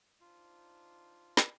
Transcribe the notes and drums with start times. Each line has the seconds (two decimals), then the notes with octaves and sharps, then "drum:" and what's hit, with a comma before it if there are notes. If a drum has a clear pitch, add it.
0.21 D4 D#4 F4 C5
1.37 drum: snare